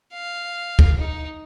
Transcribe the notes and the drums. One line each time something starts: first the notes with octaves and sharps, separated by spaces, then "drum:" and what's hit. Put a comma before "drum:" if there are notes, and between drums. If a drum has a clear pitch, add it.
F5
drum: kick
D#4